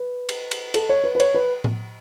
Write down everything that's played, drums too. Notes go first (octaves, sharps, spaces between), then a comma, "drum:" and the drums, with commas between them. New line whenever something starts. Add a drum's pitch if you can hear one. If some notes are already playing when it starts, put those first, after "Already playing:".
Already playing: B4
drum: cymbal
drum: cymbal
A4, drum: cymbal
C#5
B4
B4
C#5, drum: cymbal
B4
drum: tom A2